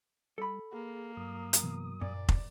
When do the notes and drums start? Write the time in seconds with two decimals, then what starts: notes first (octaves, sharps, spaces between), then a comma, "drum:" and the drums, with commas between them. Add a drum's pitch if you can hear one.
0.38 G3 A4 B5
0.73 A#3 G#4
1.17 G2 F#3 D#6
1.53 drum: hi-hat
1.63 C3 E3 B3
2.01 F#2 A#2 D5
2.29 drum: kick